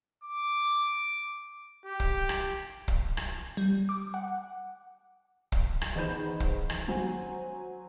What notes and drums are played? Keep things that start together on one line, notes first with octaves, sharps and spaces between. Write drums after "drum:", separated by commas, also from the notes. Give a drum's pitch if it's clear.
D6
G4
drum: kick
drum: rim click
drum: kick
drum: rim click
G3
D6
F#5
drum: kick
drum: rim click
E2 D#4 C5 B5 G6 E7
drum: kick
drum: rim click
F#3 C5 G#5